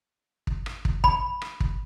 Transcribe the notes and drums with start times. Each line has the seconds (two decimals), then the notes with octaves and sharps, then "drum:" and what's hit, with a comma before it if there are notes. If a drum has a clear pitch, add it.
0.47 drum: kick
0.66 drum: rim click
0.85 drum: kick
1.04 B5, drum: kick
1.42 drum: rim click
1.60 drum: kick